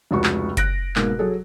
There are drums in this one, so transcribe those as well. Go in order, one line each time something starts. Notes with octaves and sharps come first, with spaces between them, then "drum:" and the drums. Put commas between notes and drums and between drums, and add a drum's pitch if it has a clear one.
F1 C#2 F#4 C#6
drum: clap
F#6 A#6 D7, drum: kick F#1, hi-hat
G#2 B2 A#3, drum: clap
F#3 G#4 A4